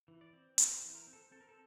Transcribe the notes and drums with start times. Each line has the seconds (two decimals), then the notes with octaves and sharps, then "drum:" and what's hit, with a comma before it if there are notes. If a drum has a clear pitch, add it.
0.08 E3
0.21 D5
0.33 C4
0.58 C4 C5, drum: hi-hat
0.71 A#4
0.77 C5
0.82 E3
0.95 A#4
1.07 C4
1.13 A4
1.32 C4 A4
1.40 A#4
1.49 A4